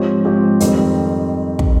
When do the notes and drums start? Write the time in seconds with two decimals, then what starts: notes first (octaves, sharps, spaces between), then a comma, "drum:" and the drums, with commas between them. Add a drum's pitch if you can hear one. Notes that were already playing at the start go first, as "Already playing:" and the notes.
Already playing: G#2 F3 C4 G4 C#5
0.25 G#2 F3 C4 G4 C#5
0.60 F2 D#3 G3 C4, drum: hi-hat
1.59 drum: kick